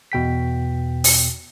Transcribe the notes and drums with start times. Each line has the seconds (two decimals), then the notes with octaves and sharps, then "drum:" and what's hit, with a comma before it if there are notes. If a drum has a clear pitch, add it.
0.12 E2 B2 G5 B6
1.04 drum: open hi-hat